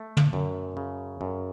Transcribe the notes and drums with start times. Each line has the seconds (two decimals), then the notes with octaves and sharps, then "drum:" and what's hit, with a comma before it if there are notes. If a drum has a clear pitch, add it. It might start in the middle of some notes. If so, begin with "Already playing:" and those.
Already playing: A3
0.17 drum: tom
0.33 F#2
0.77 C#3
1.21 F#2